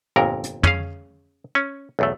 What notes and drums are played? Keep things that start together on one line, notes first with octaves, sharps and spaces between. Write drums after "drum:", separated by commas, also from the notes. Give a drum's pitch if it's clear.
G1 F2 A#2 A#4
drum: hi-hat
C#4 G#4 F5, drum: tom
C#4
B1 E2 A3